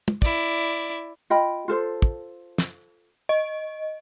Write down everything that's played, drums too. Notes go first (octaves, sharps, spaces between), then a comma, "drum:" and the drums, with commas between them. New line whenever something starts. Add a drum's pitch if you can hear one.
drum: tom
E4 D5, drum: kick
F4 D#5 G5 B5
F4 A4 C5
drum: kick
drum: snare
D#5